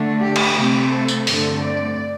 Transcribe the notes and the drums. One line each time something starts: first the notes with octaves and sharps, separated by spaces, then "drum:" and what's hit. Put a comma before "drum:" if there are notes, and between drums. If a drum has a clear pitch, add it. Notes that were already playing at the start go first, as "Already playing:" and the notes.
Already playing: D3 A3 D4
G4
drum: cymbal
C3 A3 C4 G4
A4
drum: tambourine
G2 D3 A3 C4 A4, drum: open hi-hat
D5